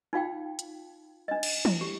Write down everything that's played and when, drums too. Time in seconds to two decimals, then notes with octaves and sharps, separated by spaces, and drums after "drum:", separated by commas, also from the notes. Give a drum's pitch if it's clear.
0.13 D#4 F4 F5 G5
0.59 drum: hi-hat
1.28 D4 D#5
1.43 drum: cymbal
1.65 E4, drum: tom
1.81 G4